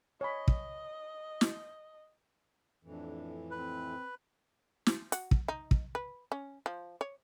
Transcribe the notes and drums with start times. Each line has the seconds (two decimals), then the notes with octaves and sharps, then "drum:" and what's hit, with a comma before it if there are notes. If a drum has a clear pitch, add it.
0.21 C#5 D#5 G#5 B5
0.48 drum: kick
1.41 drum: snare
2.84 F2 A2 E3 D4
3.51 C4 B4
4.86 drum: snare
5.12 F#4, drum: hi-hat
5.31 drum: kick
5.48 D#4
5.71 drum: kick
5.95 B4
6.32 C#4
6.66 F3
7.01 C#5